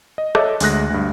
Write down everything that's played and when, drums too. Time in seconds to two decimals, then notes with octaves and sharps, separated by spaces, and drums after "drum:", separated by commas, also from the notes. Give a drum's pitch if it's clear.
0.18 D#5
0.35 A4 C#5 D#5 E5 D6 F#6, drum: rim click
0.60 D2 G#3 D#6 F#6 A#6, drum: open hi-hat
0.90 D2 G2